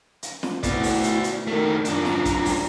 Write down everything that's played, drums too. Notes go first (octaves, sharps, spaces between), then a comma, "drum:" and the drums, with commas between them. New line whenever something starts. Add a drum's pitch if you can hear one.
drum: hi-hat
drum: snare
B2 A3 B3 E4 F#4 B4 D5, drum: kick, hi-hat
drum: open hi-hat
drum: hi-hat
drum: hi-hat
D#3 A3 A#4
F#2 D4 F4 A#5, drum: hi-hat
drum: snare
drum: kick, hi-hat
drum: open hi-hat